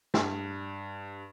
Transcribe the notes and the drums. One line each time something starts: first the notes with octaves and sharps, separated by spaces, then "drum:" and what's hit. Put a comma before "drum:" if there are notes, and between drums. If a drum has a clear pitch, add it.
G2, drum: snare